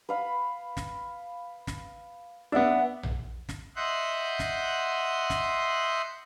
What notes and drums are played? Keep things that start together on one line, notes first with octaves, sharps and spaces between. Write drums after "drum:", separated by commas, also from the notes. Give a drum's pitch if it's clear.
B4 F5 B5
drum: snare
drum: snare
B3 D4 E5 F#5
drum: tom A#1
drum: snare
D#5 E5 F#5 C6 F#6 G6
drum: snare
drum: snare